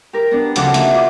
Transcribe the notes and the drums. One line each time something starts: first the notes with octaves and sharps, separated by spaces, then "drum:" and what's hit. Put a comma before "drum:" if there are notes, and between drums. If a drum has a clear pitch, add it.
G4 A#4
B3 D4
D2 C#3 F3 A4 F#5 D6, drum: hi-hat
A#3 D#4 G#4 E5, drum: hi-hat
F4 D6 G6